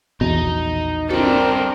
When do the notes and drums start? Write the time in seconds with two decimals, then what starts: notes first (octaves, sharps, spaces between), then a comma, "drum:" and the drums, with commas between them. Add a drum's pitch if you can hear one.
0.21 A#1 E2 B2 D#4
1.10 G3 C4 D4 A4 A#4, drum: tom